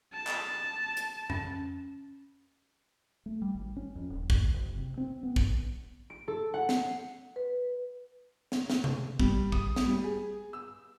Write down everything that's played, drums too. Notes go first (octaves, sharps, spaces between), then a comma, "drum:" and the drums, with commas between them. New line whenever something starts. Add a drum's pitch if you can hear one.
A5
drum: clap
drum: hi-hat
C#4, drum: tom F2
A3
G3
G#1
C#4
F2
D#1
D#2, drum: kick
F#1
C3
C4
B3
drum: kick
D7
A4
F#5
C7, drum: snare
B4
drum: snare
drum: snare
drum: tom C3
G3, drum: kick
D#6, drum: kick
drum: snare
G3
G#4
E6